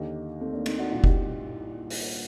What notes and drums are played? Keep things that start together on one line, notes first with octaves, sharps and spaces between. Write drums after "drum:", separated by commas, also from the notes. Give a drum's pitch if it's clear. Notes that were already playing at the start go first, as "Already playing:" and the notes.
Already playing: D#2 D3 D#4 G4
A3 C4
A#3 D4
C4 D#4, drum: cymbal
D4 F#4
C2 A#2 D4 F#4
D#4 G4, drum: kick F1
drum: open hi-hat